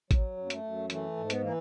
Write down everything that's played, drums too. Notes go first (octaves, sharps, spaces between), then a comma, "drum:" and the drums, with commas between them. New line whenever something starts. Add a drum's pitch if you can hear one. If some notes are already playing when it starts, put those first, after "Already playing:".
F#3, drum: kick A1, hi-hat
F#2
A#3
A3, drum: hi-hat
F#2
E3 A3, drum: hi-hat
G#2
B3, drum: hi-hat
E3 A#3